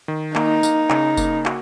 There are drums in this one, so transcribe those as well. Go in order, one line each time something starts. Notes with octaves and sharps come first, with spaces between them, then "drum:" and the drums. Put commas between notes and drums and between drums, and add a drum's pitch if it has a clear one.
D#3
A#3 D#4, drum: clap
A#3, drum: tambourine
C#3, drum: clap
A#3, drum: kick F#1, tambourine
F#4, drum: clap